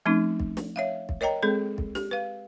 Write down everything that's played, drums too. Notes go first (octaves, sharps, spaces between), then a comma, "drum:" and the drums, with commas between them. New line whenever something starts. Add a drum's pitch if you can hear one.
F3 A3 C4 C#4 D#4
drum: kick
drum: snare
C#5 E5 F5
drum: kick
A#4 C#5 D#5 G5 A#5
G#3 C4 G#4 A4
drum: kick
G4, drum: snare
B4 F5